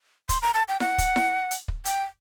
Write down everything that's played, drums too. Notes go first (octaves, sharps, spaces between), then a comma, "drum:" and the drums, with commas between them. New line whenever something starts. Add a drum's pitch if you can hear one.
C6, drum: kick, hi-hat
A#5
A5
G5
F#5, drum: snare E4
drum: kick, hi-hat
drum: snare E4
drum: hi-hat
drum: kick
G5, drum: hi-hat